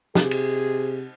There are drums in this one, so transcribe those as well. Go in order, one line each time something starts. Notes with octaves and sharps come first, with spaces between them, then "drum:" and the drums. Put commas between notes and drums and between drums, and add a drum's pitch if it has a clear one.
C3 G#4, drum: snare
drum: cymbal